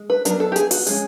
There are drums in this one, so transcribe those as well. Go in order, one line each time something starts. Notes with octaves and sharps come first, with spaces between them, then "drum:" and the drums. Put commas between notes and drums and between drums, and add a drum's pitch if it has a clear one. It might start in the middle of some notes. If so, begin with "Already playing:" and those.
Already playing: G#3
B4
F#3 B3 D4 A#4, drum: hi-hat
A4
G4
G#4, drum: hi-hat
F#4, drum: open hi-hat
F3 G#3 C#4 G#4, drum: hi-hat